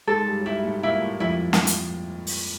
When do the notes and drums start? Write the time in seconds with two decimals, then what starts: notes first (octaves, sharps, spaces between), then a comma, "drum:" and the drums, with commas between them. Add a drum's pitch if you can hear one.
0.07 G#2 G#3 A4
0.26 G2 G3
0.40 F#3
0.45 G2 G3 E4
0.64 A2 A3
0.83 A#2 A#3 E4
1.01 A2 A3
1.20 F2 F3 E4
1.53 drum: snare
1.67 drum: hi-hat
2.27 drum: open hi-hat